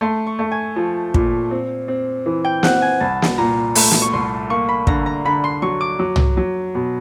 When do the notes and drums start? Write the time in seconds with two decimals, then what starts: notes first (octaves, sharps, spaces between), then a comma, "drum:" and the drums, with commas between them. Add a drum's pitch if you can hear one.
0.01 A3 C6
0.27 C#6
0.39 A3
0.51 G#5
0.76 F3
1.14 A#2, drum: kick
1.51 C4
1.88 C4
2.26 E3
2.45 G5
2.63 C4 F#5, drum: snare
2.82 G#5
3.00 C2 A5
3.22 drum: snare
3.38 A#2 A#5
3.75 A3 B5, drum: open hi-hat
3.91 drum: snare
4.02 C#6
4.13 C2 C6
4.50 A#3 C#6
4.69 B5
4.87 D3 A#5, drum: kick
5.06 A#5
5.25 D3 B5
5.44 C6
5.62 F#3 C#6
5.81 D6
5.99 F#3
6.16 drum: tom
6.37 F#3
6.75 B2